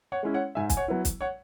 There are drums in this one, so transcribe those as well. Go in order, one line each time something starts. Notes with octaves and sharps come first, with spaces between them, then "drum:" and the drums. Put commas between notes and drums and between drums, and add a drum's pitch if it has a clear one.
C#5 F#5
G#3 C#4 E4
C#5 F#5
G#2 E5 G#5
G#5, drum: kick, hi-hat
C#5 F#5
F#3 B3 E4
drum: kick, hi-hat
C#5 F#5